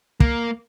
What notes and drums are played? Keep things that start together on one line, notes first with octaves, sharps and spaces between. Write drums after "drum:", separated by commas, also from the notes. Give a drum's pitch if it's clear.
A#3, drum: kick